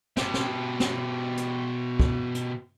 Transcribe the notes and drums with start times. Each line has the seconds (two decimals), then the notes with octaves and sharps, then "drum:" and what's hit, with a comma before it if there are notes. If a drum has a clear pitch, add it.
0.17 B2 G4, drum: snare
0.34 drum: snare
0.80 drum: snare
1.37 drum: hi-hat
1.99 drum: kick
2.35 drum: hi-hat